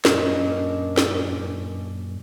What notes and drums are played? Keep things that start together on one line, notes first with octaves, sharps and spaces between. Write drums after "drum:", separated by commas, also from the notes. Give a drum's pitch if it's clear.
F#2 A#2 C#4 D4 A#4 D#5, drum: snare
drum: snare